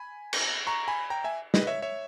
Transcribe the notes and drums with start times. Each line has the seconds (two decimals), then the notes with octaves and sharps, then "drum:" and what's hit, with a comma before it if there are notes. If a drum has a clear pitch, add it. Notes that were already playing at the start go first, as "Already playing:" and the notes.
Already playing: G#5 B5
0.33 drum: cymbal
0.67 A#5 C#6
0.88 G#5 B5
1.10 G5 A#5
1.24 E5 G#5
1.54 B4 D#5, drum: snare
1.67 C#5 E5
1.82 C#5 E5